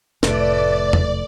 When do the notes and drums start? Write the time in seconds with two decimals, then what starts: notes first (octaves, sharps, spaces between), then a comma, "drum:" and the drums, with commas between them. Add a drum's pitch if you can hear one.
0.23 F1 A2 A3 B4 D5, drum: snare
0.93 drum: tom E2